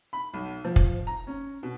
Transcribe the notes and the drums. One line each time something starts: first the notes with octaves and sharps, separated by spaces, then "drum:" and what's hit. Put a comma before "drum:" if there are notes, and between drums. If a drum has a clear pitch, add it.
B5
B1
F3
drum: kick
A#5
C#4
B2